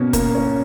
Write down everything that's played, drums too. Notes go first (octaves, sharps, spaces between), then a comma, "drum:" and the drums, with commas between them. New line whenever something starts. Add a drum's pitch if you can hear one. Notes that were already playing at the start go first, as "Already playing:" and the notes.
Already playing: B2 A#3 C#4
A#3, drum: kick, hi-hat
C#4